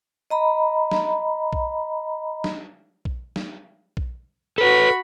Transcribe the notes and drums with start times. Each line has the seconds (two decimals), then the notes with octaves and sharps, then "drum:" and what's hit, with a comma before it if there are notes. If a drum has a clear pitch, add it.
0.30 D#5 A#5 B5
0.91 drum: snare
1.53 drum: kick A#1
2.44 drum: snare
3.05 drum: kick A#1
3.36 drum: snare
3.97 drum: kick A#1
4.58 F#4 A4 B4 B5